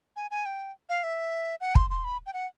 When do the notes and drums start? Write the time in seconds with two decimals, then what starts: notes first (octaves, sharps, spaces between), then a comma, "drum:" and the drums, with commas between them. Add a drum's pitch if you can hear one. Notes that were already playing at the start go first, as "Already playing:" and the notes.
0.16 G#5
0.31 G#5
0.46 G5
0.89 F5
1.03 E5
1.61 F#5
1.75 C6, drum: kick
1.90 C6
2.04 B5
2.26 G5
2.33 F#5